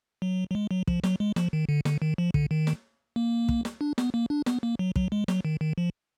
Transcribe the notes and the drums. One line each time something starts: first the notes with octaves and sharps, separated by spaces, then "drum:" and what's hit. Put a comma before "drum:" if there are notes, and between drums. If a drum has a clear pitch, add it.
F#3
F#3
G#3
F#3
F3, drum: kick
F#3, drum: snare
G#3
F3, drum: snare
D#3
D3
D3, drum: snare
D#3
F3
D3, drum: kick
D#3
drum: snare
A#3
drum: kick
drum: snare
D4
B3, drum: snare
A#3
D4
B3, drum: snare
A#3
F#3
F#3, drum: kick
G#3
F#3, drum: snare
D#3
D#3
F3